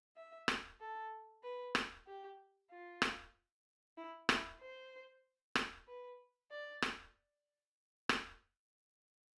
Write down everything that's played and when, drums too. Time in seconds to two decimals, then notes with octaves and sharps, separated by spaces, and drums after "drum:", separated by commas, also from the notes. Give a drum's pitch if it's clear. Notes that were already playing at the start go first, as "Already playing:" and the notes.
0.16 E5
0.48 drum: rim click
0.80 A4
1.43 B4
1.75 drum: rim click
2.07 G4
2.70 F4
3.02 drum: rim click
3.97 E4
4.29 E4, drum: rim click
4.60 C5
5.55 drum: rim click
5.87 B4
6.50 D5
6.82 drum: rim click
8.09 drum: rim click